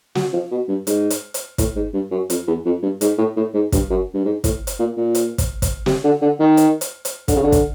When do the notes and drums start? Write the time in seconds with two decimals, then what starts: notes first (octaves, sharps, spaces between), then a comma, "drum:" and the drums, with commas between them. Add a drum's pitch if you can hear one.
0.15 F#3, drum: snare
0.33 F3
0.51 B2
0.68 G2
0.87 G#2, drum: hi-hat
1.10 drum: hi-hat
1.34 drum: hi-hat
1.58 A2, drum: kick, hi-hat
1.76 G#2
1.93 G2
2.11 F#2
2.30 F2, drum: hi-hat
2.47 E2
2.65 F2
2.82 G2
3.01 G#2, drum: hi-hat
3.18 A2
3.36 A2
3.54 G#2
3.72 G2, drum: kick, hi-hat
3.90 F#2
4.14 G2
4.25 G#2
4.44 A2, drum: kick, hi-hat
4.67 drum: hi-hat
4.79 A#2
4.97 A#2
5.15 drum: hi-hat
5.38 drum: kick, hi-hat
5.62 drum: kick, hi-hat
5.86 C3, drum: snare
6.04 D3
6.21 D3
6.40 D#3
6.57 drum: hi-hat
6.81 drum: hi-hat
7.05 drum: hi-hat
7.28 D3, drum: kick, hi-hat
7.36 C#3
7.43 D3
7.52 drum: kick, hi-hat